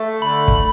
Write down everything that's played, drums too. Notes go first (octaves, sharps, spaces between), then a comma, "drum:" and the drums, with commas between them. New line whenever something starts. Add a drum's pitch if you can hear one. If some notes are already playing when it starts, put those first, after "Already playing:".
Already playing: A3
D3 B5
drum: kick